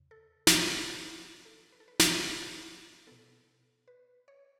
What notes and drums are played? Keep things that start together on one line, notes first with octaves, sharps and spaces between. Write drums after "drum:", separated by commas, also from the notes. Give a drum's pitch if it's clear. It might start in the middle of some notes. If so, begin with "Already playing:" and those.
Already playing: E2 C#3
A4
drum: snare
A4
E4
F#4
A4
B4
A4
B4
B4, drum: snare
B2 B3 A4
B4
C#5